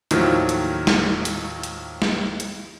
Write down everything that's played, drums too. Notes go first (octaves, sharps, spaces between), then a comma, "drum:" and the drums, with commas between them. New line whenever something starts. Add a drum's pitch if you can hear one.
D#2 A2 D#3 F3 F#3, drum: hi-hat
drum: hi-hat
drum: snare
drum: hi-hat
drum: hi-hat
drum: snare
drum: hi-hat